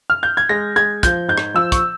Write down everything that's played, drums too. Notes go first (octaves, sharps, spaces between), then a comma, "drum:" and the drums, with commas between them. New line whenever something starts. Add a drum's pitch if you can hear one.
F6
G6
G#6
G#3 A#6
G#3 G#6
F3 G6, drum: kick, hi-hat
G#2 G6
drum: rim click
F3 E6
C#6, drum: kick, hi-hat